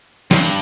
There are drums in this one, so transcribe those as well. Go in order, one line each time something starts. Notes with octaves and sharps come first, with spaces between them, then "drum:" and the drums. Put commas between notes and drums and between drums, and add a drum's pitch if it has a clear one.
G2, drum: snare